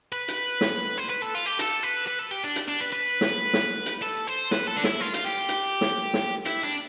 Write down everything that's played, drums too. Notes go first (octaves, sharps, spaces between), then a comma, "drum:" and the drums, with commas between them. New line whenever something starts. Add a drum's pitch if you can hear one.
B4
drum: hi-hat
drum: snare
C5
B4
A4
F4
G4
A4, drum: hi-hat
B4
B4
A4
G4
D4
drum: hi-hat
D4
B4
B4
drum: snare
drum: snare
drum: hi-hat
A4
C5
B4, drum: snare
A4
D4
E4, drum: snare
F4
F4, drum: hi-hat
G4
drum: hi-hat
drum: snare
drum: snare
E4, drum: hi-hat
D4